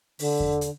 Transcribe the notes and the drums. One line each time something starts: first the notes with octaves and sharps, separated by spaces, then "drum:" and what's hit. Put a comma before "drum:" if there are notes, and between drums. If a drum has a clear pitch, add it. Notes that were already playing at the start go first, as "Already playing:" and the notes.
D3, drum: open hi-hat
drum: kick E2
drum: hi-hat